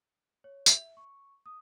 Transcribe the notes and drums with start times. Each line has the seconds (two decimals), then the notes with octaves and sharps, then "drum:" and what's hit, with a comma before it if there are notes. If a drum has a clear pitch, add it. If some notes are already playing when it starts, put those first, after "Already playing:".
0.44 C#5
0.66 E5, drum: tambourine
0.97 C#6
1.46 D#6